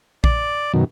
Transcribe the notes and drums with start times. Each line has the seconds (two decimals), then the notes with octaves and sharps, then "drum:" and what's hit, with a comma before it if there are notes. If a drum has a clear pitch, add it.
0.24 D5, drum: kick A#1
0.74 F#2 B2 D#3